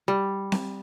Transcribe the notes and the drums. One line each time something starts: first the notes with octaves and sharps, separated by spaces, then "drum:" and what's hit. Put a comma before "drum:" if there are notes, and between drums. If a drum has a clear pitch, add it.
G3
drum: snare C4